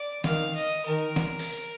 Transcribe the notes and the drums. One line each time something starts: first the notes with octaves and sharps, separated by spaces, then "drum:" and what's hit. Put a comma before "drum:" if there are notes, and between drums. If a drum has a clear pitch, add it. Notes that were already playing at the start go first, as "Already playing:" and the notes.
Already playing: D5
D#3 F5, drum: snare
D#5
D#3 A#4
drum: snare
drum: open hi-hat